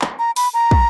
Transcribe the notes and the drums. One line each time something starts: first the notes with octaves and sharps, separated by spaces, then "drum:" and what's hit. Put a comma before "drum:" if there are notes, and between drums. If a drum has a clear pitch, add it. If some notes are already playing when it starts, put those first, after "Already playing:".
drum: clap
A#5
B5, drum: open hi-hat
A#5
drum: kick